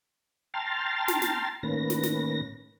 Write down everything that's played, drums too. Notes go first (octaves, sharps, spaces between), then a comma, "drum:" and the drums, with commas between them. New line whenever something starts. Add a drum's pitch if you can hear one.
G5 A5 A#5 C6 F6 A6
drum: snare
drum: snare
A2 D#3 A#3 C#4 B4 A#6
drum: snare
drum: snare